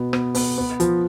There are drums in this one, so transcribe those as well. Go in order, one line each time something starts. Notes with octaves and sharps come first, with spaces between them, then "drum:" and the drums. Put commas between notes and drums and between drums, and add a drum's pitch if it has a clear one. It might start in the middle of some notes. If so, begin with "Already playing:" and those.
Already playing: B2 B3
B3, drum: rim click
B3, drum: open hi-hat
B3
F3, drum: hi-hat